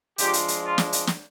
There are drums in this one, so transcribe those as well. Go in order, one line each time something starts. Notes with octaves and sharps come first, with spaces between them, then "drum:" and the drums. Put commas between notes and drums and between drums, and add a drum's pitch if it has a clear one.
F3 G#3 D4 F4 G4, drum: hi-hat
drum: hi-hat
drum: hi-hat
F4
drum: snare
drum: hi-hat
drum: snare